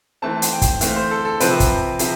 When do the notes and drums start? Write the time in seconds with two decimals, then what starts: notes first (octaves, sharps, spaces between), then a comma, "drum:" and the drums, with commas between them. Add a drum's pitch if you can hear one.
0.22 E3 A3 C4 A5
0.42 drum: hi-hat
0.52 G5
0.62 drum: kick, hi-hat
0.81 E3 A3 C4 F5, drum: hi-hat
0.96 C5
1.11 A4
1.25 A4
1.40 C3 F3 C4 B4, drum: hi-hat
1.60 drum: kick, hi-hat
1.99 C3 F3, drum: hi-hat